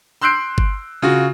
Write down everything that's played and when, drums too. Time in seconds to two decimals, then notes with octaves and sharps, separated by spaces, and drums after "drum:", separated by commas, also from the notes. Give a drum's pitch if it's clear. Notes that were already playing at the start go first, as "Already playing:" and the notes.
0.21 C6 E6 F#6 G6 C7 D7
0.58 drum: kick G1
1.02 C#3 F4 F#4